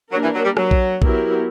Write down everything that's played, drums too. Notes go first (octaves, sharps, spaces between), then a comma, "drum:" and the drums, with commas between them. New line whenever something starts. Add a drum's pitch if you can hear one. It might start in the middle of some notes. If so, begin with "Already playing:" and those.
F#3 A#3 D4 G4 A#4
E3
F#3
G3
F#3, drum: rim click
drum: kick A#1
F#3 B3 E4 G4 A#4, drum: kick A#1